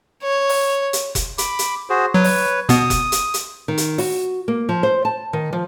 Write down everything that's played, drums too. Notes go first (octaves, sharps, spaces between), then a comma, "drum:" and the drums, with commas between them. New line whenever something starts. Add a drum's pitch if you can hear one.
C#5
drum: open hi-hat
drum: hi-hat
drum: kick F1, hi-hat
B5 D6, drum: hi-hat
drum: hi-hat
F#4 G#4 C5
F#3 B4 C#5
drum: open hi-hat
B2 B3 D#6, drum: hi-hat
drum: kick F1, hi-hat
drum: hi-hat
drum: hi-hat
D#3
drum: hi-hat
F#4, drum: open hi-hat
A#3
F3
C5
A5
D#3
F3